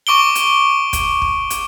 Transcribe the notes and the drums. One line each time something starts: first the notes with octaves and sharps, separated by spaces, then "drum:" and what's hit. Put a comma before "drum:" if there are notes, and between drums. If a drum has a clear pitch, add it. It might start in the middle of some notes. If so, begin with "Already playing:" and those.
C#6 D6 D7 G7
drum: hi-hat
drum: kick, hi-hat
drum: kick
drum: hi-hat